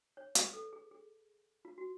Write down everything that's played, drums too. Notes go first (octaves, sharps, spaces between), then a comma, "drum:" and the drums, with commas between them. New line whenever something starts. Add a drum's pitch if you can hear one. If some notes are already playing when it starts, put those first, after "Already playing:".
C#5
B4, drum: hi-hat
A4
G#4
G#4
F4
F#4